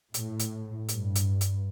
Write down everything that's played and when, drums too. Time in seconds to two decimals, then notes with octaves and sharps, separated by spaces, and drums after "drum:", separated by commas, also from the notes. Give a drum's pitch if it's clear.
0.14 A2, drum: hi-hat
0.39 drum: hi-hat
0.88 G2, drum: hi-hat
1.15 drum: hi-hat
1.41 drum: hi-hat